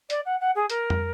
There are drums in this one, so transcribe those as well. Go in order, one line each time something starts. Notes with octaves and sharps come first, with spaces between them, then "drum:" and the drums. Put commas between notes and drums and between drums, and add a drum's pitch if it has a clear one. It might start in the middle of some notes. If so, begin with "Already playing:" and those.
D5, drum: hi-hat
F#5
F#5
G#4
A#4, drum: hi-hat
drum: tom F2